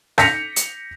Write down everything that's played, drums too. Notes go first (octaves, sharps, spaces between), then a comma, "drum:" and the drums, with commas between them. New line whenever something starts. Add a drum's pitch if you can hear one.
G6 A#6 B6 C#7 F7, drum: rim click
drum: hi-hat